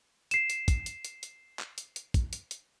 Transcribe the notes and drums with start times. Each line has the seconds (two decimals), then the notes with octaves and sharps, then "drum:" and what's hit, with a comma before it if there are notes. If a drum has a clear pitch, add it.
0.31 C7 E7, drum: hi-hat
0.50 drum: hi-hat
0.68 drum: kick, hi-hat
0.86 drum: hi-hat
1.05 drum: hi-hat
1.23 drum: hi-hat
1.59 drum: clap
1.78 drum: hi-hat
1.96 drum: hi-hat
2.14 drum: kick, hi-hat
2.33 drum: hi-hat
2.51 drum: hi-hat